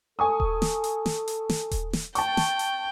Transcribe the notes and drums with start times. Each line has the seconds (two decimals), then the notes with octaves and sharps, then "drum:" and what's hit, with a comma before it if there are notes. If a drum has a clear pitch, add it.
0.19 A4 G#5 C#6 D#6
0.40 drum: kick D#1
0.62 drum: snare
0.84 drum: hi-hat
1.06 drum: snare
1.28 drum: hi-hat
1.49 drum: snare
1.71 drum: kick D#1, hi-hat
1.93 drum: snare
2.15 G5 A5 C#6, drum: hi-hat
2.37 drum: snare
2.59 drum: hi-hat